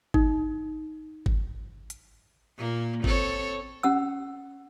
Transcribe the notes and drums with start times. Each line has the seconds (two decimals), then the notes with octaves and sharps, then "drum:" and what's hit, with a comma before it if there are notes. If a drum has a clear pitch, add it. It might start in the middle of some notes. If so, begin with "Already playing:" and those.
0.14 D#4, drum: kick G1
1.26 drum: kick G1
1.90 drum: hi-hat
2.58 A#2 A#3
3.04 C4 A4 C#5, drum: kick G1
3.83 C#4 F#5 E6